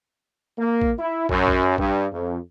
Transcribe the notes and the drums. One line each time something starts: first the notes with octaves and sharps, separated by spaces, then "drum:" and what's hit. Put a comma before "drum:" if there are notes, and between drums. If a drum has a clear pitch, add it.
A#3
drum: kick
E4
F#2, drum: kick
drum: kick
G2, drum: kick
F2